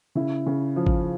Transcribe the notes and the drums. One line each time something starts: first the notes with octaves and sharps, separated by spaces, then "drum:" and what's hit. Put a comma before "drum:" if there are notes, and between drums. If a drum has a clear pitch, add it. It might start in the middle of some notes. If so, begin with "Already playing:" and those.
C#3 E4
C#3
F3
drum: kick